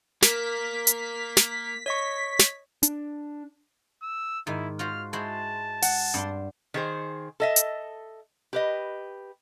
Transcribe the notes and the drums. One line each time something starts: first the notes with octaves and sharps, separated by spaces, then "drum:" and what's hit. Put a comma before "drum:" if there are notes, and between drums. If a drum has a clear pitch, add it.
A#3 A#4 B6, drum: snare
drum: hi-hat
drum: snare
C#5 D#5 C#6 B6
drum: snare
D4, drum: hi-hat
E6
G#2 D#3 E4
F4 F#4 C5 F6
G#3 E4 F#4 C5 A5
F#5, drum: open hi-hat
G2 D4 C6
D#3 G#4 C5
A4 D#5 E5
drum: hi-hat
G4 B4 D#5